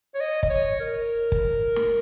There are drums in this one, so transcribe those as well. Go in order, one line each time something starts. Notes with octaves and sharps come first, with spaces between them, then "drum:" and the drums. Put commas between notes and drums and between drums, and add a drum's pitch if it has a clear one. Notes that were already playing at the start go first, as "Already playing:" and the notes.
C#5
D#5
D#5, drum: kick
C#5
A#4
drum: kick
drum: snare